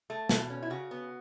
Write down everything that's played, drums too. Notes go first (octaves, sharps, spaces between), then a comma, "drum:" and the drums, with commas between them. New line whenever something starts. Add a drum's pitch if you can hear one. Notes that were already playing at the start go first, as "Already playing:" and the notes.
A3
B2, drum: snare
C#4
E4
C#3 F#4
B3